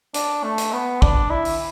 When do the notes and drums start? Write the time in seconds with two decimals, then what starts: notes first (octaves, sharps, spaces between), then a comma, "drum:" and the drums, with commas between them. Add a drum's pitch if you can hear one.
0.14 D4, drum: hi-hat
0.43 A3
0.58 drum: hi-hat
0.73 B3
1.02 D4, drum: kick
1.30 E4
1.45 drum: open hi-hat